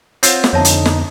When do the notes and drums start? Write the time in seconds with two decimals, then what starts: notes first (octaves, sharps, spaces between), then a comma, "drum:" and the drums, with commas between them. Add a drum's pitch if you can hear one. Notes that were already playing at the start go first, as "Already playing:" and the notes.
0.23 C4 F4 C#5 F#5, drum: hi-hat
0.44 drum: snare
0.53 F2 D3 D#4 C#5 E5 A5
0.65 drum: hi-hat
0.86 drum: snare